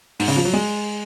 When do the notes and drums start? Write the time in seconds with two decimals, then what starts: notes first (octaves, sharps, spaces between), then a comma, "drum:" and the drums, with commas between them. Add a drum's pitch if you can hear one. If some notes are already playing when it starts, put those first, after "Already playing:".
0.20 G#2, drum: open hi-hat
0.28 C#3
0.37 F3
0.45 F#3
0.53 G#3